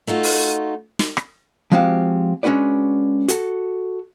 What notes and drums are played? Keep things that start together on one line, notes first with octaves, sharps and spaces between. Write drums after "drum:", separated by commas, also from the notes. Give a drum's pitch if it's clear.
A3 D#4 F4 F#4
drum: open hi-hat
drum: snare
drum: rim click
F3 G#3 C4 F#4 G4 F5
G#3 C#4 D4 F#4 B4 D5
F#4 A4, drum: hi-hat